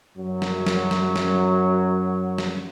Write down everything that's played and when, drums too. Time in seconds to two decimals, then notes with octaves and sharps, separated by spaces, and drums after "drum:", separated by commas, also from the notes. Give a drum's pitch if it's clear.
0.17 F#2 F#3
0.42 drum: snare
0.66 drum: snare
0.91 drum: snare
1.16 drum: snare
2.38 drum: snare